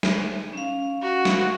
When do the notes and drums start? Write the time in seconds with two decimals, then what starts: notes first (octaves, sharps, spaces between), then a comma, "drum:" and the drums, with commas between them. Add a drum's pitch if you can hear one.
0.03 drum: snare
0.53 C#4 F5
1.02 F#4
1.25 drum: snare